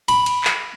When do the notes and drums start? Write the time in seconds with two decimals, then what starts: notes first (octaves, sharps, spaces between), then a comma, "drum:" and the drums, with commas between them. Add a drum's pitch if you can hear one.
0.08 B5, drum: cymbal
0.26 drum: cymbal
0.44 drum: clap